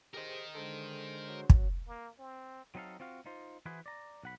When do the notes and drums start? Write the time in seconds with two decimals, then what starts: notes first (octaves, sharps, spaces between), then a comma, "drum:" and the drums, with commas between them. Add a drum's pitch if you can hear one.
0.14 G4 G#4 A#4 C5 D#5
0.55 D3 G#3 A4 C5
1.28 F#4 C#5
1.50 drum: kick
1.88 A#3
2.19 C4
2.75 F#3 C4 D#4 G#4 A4 F5
3.00 C4 F4 F#4 F5
3.26 D#4 F4 C5
3.66 E3 E4 F#4 G#4 B4 C5
3.86 D5 A#5
4.23 B1 F#5 B5